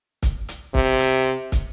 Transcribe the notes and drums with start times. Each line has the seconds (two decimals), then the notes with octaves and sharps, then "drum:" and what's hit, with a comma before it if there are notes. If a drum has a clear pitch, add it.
0.23 drum: kick, hi-hat
0.48 drum: hi-hat
0.74 C3, drum: kick
1.00 drum: hi-hat
1.52 drum: kick, hi-hat